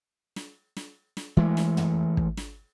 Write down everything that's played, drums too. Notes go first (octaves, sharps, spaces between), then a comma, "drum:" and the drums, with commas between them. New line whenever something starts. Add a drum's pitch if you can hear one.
drum: snare
drum: snare
drum: snare
E3 G#3 A3
drum: snare
drum: tom
drum: kick
drum: snare